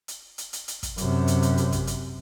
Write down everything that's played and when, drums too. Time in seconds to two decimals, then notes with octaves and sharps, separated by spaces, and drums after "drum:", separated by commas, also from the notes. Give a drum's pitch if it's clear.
0.08 drum: hi-hat
0.38 drum: hi-hat
0.53 drum: hi-hat
0.68 drum: hi-hat
0.83 drum: kick, hi-hat
0.98 F#2 C3, drum: hi-hat
1.28 drum: hi-hat
1.42 drum: hi-hat
1.57 drum: hi-hat
1.72 drum: kick, hi-hat
1.87 drum: hi-hat